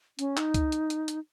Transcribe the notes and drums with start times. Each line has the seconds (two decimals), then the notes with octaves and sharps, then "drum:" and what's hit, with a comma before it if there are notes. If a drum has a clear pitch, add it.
0.19 C#4, drum: hi-hat
0.37 D#4, drum: clap
0.54 drum: kick, hi-hat
0.72 drum: hi-hat
0.90 drum: hi-hat
1.08 drum: hi-hat